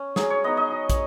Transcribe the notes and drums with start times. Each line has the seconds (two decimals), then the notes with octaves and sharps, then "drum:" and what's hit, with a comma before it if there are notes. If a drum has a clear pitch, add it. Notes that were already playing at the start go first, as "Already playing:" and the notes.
Already playing: C#4
0.16 F#3 G#4, drum: snare
0.30 C#5
0.44 B3 D#4 D#5
0.57 D#5
0.72 F#3
0.90 drum: kick, hi-hat